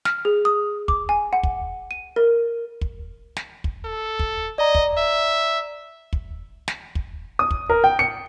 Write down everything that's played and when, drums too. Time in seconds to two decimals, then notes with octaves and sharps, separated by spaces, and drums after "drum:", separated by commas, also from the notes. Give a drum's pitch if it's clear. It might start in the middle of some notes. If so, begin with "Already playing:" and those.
0.05 F6, drum: snare
0.25 G#4
0.45 D#6
0.88 D6, drum: kick
1.09 G#5
1.33 F#5
1.43 drum: kick
1.91 D#7
2.16 A#4
2.81 drum: kick
3.37 drum: snare
3.64 drum: kick
3.85 A4
4.19 drum: kick
4.58 D5 D#5 A#5
4.75 drum: kick
4.97 E5
6.13 drum: kick
6.68 drum: snare
6.95 drum: kick
7.39 D#6
7.51 drum: kick
7.70 A#4
7.84 G5
7.99 C#7